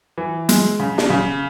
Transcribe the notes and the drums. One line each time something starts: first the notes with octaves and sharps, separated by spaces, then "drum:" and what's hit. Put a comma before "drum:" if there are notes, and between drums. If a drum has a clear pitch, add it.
E3
G#3, drum: hi-hat
C#3
drum: snare
C#3